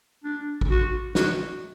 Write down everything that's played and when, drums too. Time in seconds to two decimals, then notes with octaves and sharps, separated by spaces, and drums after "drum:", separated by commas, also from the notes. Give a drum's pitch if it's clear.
0.24 D4
0.61 drum: kick
0.70 F#4
1.15 F#4, drum: snare